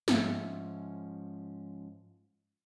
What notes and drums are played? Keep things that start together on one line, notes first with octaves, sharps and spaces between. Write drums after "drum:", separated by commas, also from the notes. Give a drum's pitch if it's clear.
G#2 F3 C#4 E5, drum: snare